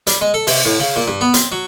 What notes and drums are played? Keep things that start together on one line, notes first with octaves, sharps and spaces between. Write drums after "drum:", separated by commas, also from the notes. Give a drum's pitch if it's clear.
G3, drum: hi-hat
G#3
A4
C3, drum: open hi-hat
A2
C#3
A#2
G2
B3
C4, drum: hi-hat
F#3